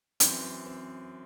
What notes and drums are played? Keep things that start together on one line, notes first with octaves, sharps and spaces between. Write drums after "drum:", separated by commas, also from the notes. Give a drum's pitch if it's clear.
F#2 E3 C4, drum: hi-hat
C4